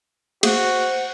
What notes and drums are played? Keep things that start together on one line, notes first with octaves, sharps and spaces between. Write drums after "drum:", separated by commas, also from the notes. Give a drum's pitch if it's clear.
A3 A#3 F#4 G#4 C5 F#5, drum: cymbal